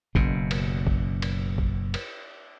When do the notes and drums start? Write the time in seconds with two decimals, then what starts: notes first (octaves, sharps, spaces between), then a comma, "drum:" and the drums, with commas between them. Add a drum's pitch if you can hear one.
0.15 F#1 F#2 B2, drum: kick
0.51 drum: cymbal
0.87 drum: kick
1.22 drum: cymbal
1.58 drum: kick
1.94 drum: cymbal